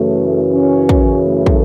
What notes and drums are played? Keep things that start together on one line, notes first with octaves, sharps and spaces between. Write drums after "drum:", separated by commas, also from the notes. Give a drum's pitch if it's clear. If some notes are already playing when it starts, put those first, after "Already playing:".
Already playing: F#2 C#3 E3 A3
C#4
drum: kick
A3
drum: kick